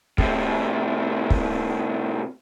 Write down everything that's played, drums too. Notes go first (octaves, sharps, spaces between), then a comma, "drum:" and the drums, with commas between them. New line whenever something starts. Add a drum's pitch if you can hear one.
A2 C3, drum: kick
drum: kick